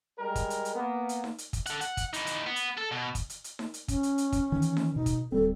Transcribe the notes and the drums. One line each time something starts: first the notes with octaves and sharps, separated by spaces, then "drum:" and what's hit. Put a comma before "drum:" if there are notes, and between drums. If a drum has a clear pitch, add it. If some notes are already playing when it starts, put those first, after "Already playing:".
G3 G#3 A#4
drum: kick, hi-hat
drum: hi-hat
drum: hi-hat
A#3 B3
drum: hi-hat
drum: snare D#4
drum: hi-hat
drum: kick, hi-hat
A4 F#5, drum: hi-hat
F#5, drum: hi-hat
drum: kick, hi-hat
E3 D#4, drum: hi-hat
drum: hi-hat
B3
drum: hi-hat
A4
B2
drum: kick, hi-hat
drum: hi-hat
drum: hi-hat
drum: snare D#4
drum: hi-hat
C#4, drum: kick, hi-hat
drum: hi-hat
drum: hi-hat
drum: kick, hi-hat
D#3 E3
drum: hi-hat
drum: snare D#4
B2 D#4
drum: kick, hi-hat
D1 G3 C4 A4